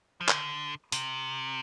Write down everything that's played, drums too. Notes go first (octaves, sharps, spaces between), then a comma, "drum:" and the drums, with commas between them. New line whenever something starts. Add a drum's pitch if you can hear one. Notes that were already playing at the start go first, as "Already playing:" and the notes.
F3
D3, drum: clap
C3, drum: hi-hat